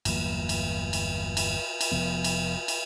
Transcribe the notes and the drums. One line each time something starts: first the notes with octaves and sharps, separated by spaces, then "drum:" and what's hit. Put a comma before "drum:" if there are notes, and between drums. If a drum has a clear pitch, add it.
G1 E2 F#3 A#3, drum: cymbal
drum: cymbal
drum: cymbal
drum: cymbal
drum: cymbal
F1 F3 B3
drum: cymbal
drum: cymbal